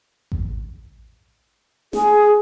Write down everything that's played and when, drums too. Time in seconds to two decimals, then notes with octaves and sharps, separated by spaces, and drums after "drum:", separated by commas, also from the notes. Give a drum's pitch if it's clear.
0.32 drum: kick A1
1.93 G#4, drum: snare